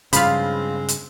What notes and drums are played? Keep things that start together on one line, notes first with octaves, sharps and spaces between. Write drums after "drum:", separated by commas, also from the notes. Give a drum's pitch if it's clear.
G2 C#3 F3 G#3 C4 F4 F5 B5, drum: hi-hat
drum: hi-hat